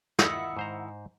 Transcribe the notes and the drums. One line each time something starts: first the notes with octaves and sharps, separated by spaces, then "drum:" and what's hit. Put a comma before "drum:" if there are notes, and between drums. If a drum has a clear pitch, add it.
D#3 E4 F4 D#5 F#5, drum: snare
G#2 C5 A#5